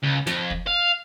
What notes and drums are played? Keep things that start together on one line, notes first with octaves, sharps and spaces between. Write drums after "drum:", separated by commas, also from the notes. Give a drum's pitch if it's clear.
C#2
F2, drum: snare
drum: kick
F5